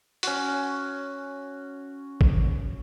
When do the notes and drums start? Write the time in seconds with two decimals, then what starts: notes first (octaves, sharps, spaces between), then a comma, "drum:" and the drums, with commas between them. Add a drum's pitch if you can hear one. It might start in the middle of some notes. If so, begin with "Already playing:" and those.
0.23 C#4 F#4, drum: hi-hat
2.21 drum: kick